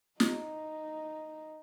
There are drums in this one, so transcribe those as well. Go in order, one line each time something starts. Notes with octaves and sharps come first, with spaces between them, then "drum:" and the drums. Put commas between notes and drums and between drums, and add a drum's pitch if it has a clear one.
D#4, drum: snare